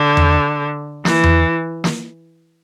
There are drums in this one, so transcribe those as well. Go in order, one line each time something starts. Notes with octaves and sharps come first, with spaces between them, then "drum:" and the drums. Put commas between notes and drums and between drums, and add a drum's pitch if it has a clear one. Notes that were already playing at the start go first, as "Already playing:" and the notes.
Already playing: D3
drum: tom E2
E3, drum: snare
drum: tom E2
drum: snare